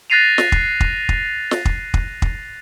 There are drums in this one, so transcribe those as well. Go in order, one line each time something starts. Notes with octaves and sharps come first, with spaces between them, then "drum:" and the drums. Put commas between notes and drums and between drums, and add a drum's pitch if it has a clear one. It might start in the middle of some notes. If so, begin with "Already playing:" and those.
F#6 A6 A#6 C7 D#7 F7
drum: snare
drum: kick
drum: kick
drum: kick
drum: snare
drum: kick
drum: kick
drum: kick